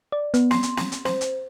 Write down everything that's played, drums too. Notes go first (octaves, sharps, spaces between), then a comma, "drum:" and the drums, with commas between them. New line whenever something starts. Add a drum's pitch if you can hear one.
D5
B3, drum: hi-hat
C6, drum: snare
drum: hi-hat
drum: snare
drum: hi-hat
C5, drum: snare
drum: hi-hat